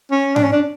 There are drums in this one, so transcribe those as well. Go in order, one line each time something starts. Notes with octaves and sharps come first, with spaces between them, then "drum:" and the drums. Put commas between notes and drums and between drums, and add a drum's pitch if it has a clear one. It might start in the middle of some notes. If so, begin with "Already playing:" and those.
C#4
D4, drum: tom G#2
C#4
D4